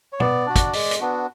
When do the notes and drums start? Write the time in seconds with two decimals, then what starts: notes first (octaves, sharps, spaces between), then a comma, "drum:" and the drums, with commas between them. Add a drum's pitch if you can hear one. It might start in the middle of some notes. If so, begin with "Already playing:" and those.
0.13 C#5
0.20 B3 D5, drum: tom B2
0.46 D4 F#4
0.56 drum: kick, hi-hat
0.73 G#3, drum: open hi-hat
0.91 drum: hi-hat
1.00 B3 D4 F#4